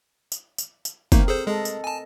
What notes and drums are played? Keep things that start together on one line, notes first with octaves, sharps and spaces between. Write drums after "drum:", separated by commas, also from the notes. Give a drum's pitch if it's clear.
drum: tambourine
drum: tambourine
drum: tambourine
A3 A#3 C4 D#4 A#4, drum: kick, tambourine
G#4 A4 C5
G#3 G#4 A4 D#5
drum: tambourine
G#5 A5